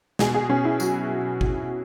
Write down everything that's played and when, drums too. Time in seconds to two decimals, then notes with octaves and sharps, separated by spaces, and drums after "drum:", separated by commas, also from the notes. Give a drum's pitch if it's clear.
0.19 B2 G#4, drum: snare
0.35 G#4
0.49 B2 C#4
0.65 E4
0.80 F#3 F#4, drum: tambourine
1.10 F#3
1.41 B2, drum: kick